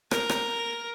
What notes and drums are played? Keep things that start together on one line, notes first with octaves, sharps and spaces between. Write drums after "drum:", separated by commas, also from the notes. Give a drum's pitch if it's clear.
A#4, drum: rim click
drum: rim click